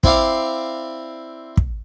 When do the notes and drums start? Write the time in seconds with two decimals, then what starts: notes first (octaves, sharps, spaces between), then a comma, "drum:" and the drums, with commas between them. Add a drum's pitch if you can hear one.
0.03 C4 E4 D5 F5, drum: kick
1.57 drum: kick